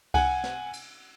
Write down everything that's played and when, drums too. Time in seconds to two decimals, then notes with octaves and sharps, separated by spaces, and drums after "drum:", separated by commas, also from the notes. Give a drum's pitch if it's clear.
0.14 F#5 G#5, drum: kick C2, cymbal
0.44 drum: snare
0.73 drum: cymbal